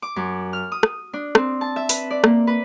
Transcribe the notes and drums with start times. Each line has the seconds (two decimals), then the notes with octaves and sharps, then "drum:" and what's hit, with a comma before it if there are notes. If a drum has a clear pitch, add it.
0.02 D6
0.16 F#2
0.53 F6
0.72 D#6
0.83 drum: rim click
1.13 D4
1.35 C4, drum: rim click
1.61 A5
1.76 E5
1.89 B4, drum: open hi-hat
2.10 D5
2.24 A#3, drum: rim click
2.47 B4